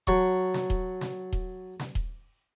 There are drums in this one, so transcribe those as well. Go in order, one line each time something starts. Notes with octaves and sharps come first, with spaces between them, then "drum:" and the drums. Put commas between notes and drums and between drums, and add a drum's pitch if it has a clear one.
F#3 A5 C#6, drum: kick D#1
drum: snare
drum: kick D#1
drum: snare
drum: kick D#1
drum: snare
drum: kick D#1